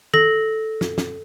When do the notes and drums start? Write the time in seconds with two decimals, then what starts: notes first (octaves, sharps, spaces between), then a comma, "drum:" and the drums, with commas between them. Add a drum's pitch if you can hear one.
0.14 A4 A#6, drum: tom D#3
0.81 drum: snare
0.98 drum: snare